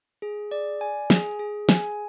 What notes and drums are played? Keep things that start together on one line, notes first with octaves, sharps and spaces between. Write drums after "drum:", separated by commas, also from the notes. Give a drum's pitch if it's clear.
G#4
D5
G#5
G#4, drum: snare
G#4
G#5, drum: snare